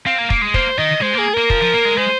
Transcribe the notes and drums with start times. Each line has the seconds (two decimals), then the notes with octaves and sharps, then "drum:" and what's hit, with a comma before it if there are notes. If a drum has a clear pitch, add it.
0.06 C4 F5
0.18 A#3
0.30 A#3, drum: kick
0.42 G#3
0.54 A#3 C5, drum: kick
0.78 D#3 D#5
1.01 G#3 C5
1.14 A#3 G#4
1.34 A#3 A#4
1.50 F3, drum: kick
1.61 F3
1.73 A#3
1.85 G#3
1.97 G#3 C5